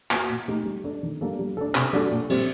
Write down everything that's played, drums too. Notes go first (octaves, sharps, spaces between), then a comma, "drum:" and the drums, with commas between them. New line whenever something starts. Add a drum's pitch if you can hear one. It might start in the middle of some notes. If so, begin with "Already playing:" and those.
A#3 F#4, drum: clap
A#2
A3 D#4 G4
G3
D4 A4
D#3
G3 A#3 D4 A4
G3
D4 A4
C3, drum: clap
G3 D4 F#4 A4
A#2
G3 C4 G4, drum: cymbal